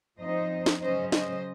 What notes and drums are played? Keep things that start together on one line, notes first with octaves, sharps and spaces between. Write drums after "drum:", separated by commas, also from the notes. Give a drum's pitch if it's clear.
F3 C4 D#4 C5 D#5
drum: snare
C#3 F#3 C#4 C5 D#5
C5 D#5, drum: snare